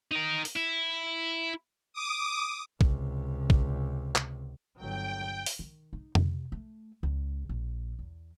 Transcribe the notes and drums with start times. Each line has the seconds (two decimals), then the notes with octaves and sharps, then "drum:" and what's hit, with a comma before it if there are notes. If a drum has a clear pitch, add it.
0.11 D#4 A#4
0.45 drum: open hi-hat
0.56 E4
1.93 D6 D#6
2.81 C#2 C3, drum: kick A#1
3.50 drum: kick A#1
4.15 drum: clap
4.76 G1 F#3 G5
5.46 drum: open hi-hat
5.59 D#3
5.93 D#4
6.15 C3, drum: tom F2
6.52 A3
7.03 C#2
7.49 A#1
7.99 E2